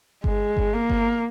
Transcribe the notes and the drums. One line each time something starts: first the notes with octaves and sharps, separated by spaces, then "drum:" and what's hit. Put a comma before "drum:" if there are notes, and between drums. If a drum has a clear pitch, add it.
G#3, drum: kick G1
drum: kick G1
A#3
drum: kick G1